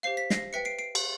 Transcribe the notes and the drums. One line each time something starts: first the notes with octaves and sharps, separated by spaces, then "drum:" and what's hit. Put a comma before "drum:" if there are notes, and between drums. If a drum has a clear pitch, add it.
G4 C5 F5 C7
B6
A#6 C7, drum: snare
B4 E5 G5 B6 C#7
C7 D7
C7 D7
drum: cymbal